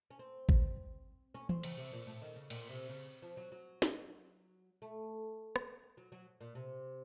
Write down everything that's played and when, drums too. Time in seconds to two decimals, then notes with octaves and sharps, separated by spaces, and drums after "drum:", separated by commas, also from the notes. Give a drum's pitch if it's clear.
0.10 C#4
0.19 C4
0.49 drum: kick G#1
1.34 C#4
1.49 C4, drum: tom E3
1.63 C#3, drum: cymbal
1.77 C3
1.93 A#2
2.07 A2
2.22 D#3
2.36 C#3
2.50 A#2, drum: cymbal
2.69 C3
2.89 C#3
3.22 F3
3.37 F#3
3.52 F#3
3.82 drum: snare
4.82 A3
5.56 drum: rim click
5.97 F#3
6.12 F#3
6.41 A#2
6.55 C3